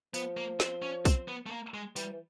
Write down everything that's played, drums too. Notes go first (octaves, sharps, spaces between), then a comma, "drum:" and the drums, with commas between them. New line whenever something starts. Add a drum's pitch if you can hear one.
F3 B3, drum: tambourine
A#3
C4, drum: snare
C#4
C4, drum: kick B1, tambourine
B3
A3
A#3
G#3
E3 G3, drum: tambourine
E3